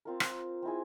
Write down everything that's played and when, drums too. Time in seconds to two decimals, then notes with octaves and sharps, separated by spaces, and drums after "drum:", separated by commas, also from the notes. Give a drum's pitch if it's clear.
0.05 C4 F4 A#4
0.20 drum: rim click
0.63 C4 E4 G#4